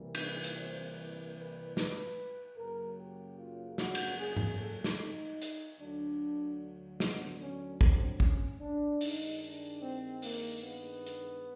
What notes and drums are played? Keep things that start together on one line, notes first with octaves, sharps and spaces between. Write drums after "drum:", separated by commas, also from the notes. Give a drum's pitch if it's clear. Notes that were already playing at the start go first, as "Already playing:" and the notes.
Already playing: C2 C3 E3 G3 A#3
B4, drum: cymbal
drum: hi-hat
C5
B4
B4
B4, drum: snare
F#2 C#3 F#3 A#3 A#4
G4
F4
F#4, drum: snare
drum: cymbal
G#4
drum: tom G#2
A4
drum: snare
D#4
drum: hi-hat
D2 D3 F#3 D4
B3, drum: snare
C#4
C4, drum: kick
C#4, drum: kick
D4
G2 D#3 G#3 D#4, drum: open hi-hat
D4
C4
A#3, drum: open hi-hat
B3
drum: hi-hat